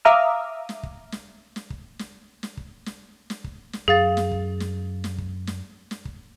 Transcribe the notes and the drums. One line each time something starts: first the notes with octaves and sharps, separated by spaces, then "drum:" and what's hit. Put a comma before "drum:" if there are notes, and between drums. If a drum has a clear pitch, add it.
E5 F5 A#5 D6 D#6 F6
drum: snare
drum: kick
drum: snare
drum: snare
drum: kick
drum: snare
drum: snare
drum: kick
drum: snare
drum: snare
drum: kick
drum: snare
F#2 G#4 F5 A6
drum: snare
drum: kick
drum: snare
drum: snare
drum: kick
drum: snare
drum: snare
drum: kick